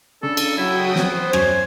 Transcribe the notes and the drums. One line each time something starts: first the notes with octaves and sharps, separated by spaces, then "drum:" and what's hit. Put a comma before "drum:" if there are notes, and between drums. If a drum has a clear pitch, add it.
C#3 D4 A4
drum: cymbal
F#3 E4 F#4 G5 D#6
B3 C5, drum: snare
F#2 C#5 G#5, drum: rim click